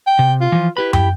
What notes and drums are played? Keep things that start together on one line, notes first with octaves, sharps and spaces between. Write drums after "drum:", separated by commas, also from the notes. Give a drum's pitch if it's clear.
G5
C3
F4
E3 F3
E4 G4 B4 B5
G5, drum: tom F#2